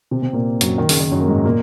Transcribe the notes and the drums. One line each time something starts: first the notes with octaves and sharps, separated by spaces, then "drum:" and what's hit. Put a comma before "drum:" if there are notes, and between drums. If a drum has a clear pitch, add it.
C3 C4
C3 C4
A#2 A#3
F#2 F#3, drum: hi-hat
D#3
C#3, drum: open hi-hat
D#3
F#2 F#3
A#3
G#2 G#3
A#2 A#3